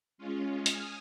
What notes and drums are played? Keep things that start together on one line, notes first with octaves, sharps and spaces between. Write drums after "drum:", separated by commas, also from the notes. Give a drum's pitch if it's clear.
G#3 C#4 F4
G#5 D#6 F6, drum: hi-hat